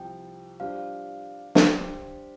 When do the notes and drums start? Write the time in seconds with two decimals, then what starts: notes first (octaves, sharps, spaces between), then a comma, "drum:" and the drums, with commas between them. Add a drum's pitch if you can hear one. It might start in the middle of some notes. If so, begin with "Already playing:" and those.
Already playing: C2 C3 F3 G5
0.60 G3 D4 F4 C5 F5
1.55 G3 D4 G4 C5 D5 F5, drum: snare